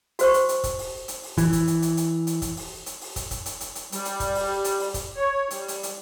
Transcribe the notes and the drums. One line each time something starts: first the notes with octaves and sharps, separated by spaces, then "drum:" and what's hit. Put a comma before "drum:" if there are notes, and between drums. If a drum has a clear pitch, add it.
F#4 C5 C#6, drum: hi-hat
drum: hi-hat
drum: hi-hat
drum: kick, hi-hat
drum: open hi-hat
drum: hi-hat
drum: open hi-hat
E3, drum: kick, hi-hat
drum: kick, hi-hat
drum: hi-hat
drum: hi-hat
drum: hi-hat
drum: hi-hat
drum: kick, hi-hat
drum: open hi-hat
drum: hi-hat
drum: open hi-hat
drum: kick, hi-hat
drum: kick, hi-hat
drum: hi-hat
drum: hi-hat
drum: hi-hat
G3, drum: hi-hat
drum: hi-hat
drum: kick, hi-hat
drum: open hi-hat
drum: hi-hat
drum: open hi-hat
drum: kick, hi-hat
C#5
G3, drum: hi-hat
drum: hi-hat
drum: hi-hat